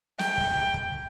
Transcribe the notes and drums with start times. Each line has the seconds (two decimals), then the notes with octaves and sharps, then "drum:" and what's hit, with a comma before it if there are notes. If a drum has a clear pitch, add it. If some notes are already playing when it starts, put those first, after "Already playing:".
0.19 G5, drum: snare
0.38 drum: kick
0.74 drum: kick